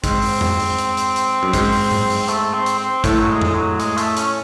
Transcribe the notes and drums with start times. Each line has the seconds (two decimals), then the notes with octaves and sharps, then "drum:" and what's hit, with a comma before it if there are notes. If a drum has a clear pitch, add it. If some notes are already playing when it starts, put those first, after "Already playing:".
0.04 G#2 C4, drum: kick, hi-hat
0.22 drum: open hi-hat
0.41 drum: tom F2
0.60 drum: open hi-hat
0.78 drum: hi-hat
0.97 drum: hi-hat
1.16 drum: hi-hat
1.43 F#2
1.53 G#2, drum: kick, hi-hat
1.72 drum: open hi-hat
1.91 drum: tom G#2
2.10 drum: open hi-hat
2.22 C4
2.28 A3, drum: hi-hat
2.53 C4
2.66 drum: hi-hat
2.79 C4
3.04 A2 A3, drum: kick, hi-hat
3.19 F#3
3.29 G#3
3.41 drum: tom F2
3.54 F#3
3.80 G#3, drum: hi-hat
3.98 A3, drum: hi-hat
4.17 C#4, drum: hi-hat